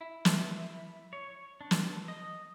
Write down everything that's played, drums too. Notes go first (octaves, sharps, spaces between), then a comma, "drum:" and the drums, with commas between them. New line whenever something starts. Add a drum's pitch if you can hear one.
E4
drum: snare
C#5
D4
drum: snare
D#5